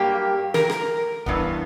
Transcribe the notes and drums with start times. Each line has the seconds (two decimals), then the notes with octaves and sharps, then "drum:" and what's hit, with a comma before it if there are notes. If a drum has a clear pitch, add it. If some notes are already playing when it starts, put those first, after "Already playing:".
Already playing: G2 F#3 A#3 G4
0.54 A#4, drum: snare
0.70 drum: rim click
1.26 G2 E3 B3, drum: kick D1